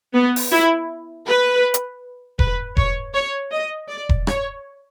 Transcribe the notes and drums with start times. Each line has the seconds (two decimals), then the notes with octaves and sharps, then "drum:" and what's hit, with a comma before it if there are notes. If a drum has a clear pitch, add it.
0.14 B3
0.36 drum: open hi-hat
0.51 E4
1.26 B4
1.74 drum: hi-hat
2.39 B4, drum: kick E1
2.77 C#5, drum: kick E1
3.14 C#5
3.52 D#5
3.89 D5
4.09 drum: kick E1
4.27 C#5, drum: rim click